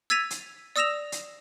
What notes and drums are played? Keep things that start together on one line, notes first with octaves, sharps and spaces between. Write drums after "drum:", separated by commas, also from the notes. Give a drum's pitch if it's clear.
E6 G#6 A6 B6 D#7 F7
drum: hi-hat
D5 D#6 E6 A#6 E7 F7
drum: hi-hat